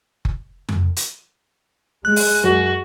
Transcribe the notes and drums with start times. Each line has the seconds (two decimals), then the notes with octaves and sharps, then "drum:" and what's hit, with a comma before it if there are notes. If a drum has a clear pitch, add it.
0.25 drum: kick F#1
0.69 drum: tom F2
0.96 drum: hi-hat
2.05 G#3 F#6
2.16 drum: open hi-hat
2.44 F#2 F#4